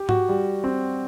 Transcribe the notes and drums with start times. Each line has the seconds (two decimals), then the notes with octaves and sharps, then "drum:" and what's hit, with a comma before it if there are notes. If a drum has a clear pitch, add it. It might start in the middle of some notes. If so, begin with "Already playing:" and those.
Already playing: G4
0.09 F#4, drum: tom G#2
0.29 G3
0.64 C4